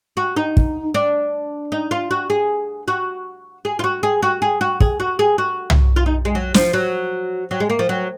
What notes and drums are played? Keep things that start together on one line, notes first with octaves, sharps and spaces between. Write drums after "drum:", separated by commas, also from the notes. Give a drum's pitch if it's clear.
F#4
D#4
drum: kick
D4
D#4
F4
F#4
G#4
F#4
G#4
F4
F#4
G#4
F#4
G#4
F#4
G#4, drum: kick
F#4
G#4
F#4
drum: tom
F4
D#4
G#3
F#3
F3, drum: snare
F#3
F#3
G#3
A#3
F3
F#3